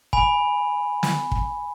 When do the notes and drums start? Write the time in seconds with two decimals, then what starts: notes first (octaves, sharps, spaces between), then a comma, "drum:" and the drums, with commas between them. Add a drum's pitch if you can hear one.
0.13 G#5 B5, drum: kick
1.03 drum: snare
1.32 drum: kick